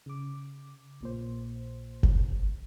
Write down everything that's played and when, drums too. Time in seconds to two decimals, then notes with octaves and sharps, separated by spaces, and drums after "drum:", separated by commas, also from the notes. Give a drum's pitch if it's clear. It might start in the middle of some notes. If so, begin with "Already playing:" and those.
0.06 C#3 D6
1.01 A#1 A#2 C5
2.03 drum: kick F#1